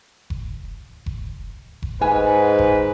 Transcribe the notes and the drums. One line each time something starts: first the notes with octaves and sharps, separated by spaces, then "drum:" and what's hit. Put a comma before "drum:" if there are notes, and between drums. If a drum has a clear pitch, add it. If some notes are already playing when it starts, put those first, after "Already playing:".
drum: kick F1
drum: kick F1
drum: kick F1
G#2 B4 G#5
drum: kick F1